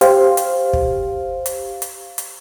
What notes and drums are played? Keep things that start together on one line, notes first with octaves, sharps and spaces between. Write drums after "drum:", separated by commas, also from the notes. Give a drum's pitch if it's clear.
G4 C5 F5, drum: hi-hat
drum: hi-hat
drum: kick
drum: hi-hat
drum: hi-hat
drum: hi-hat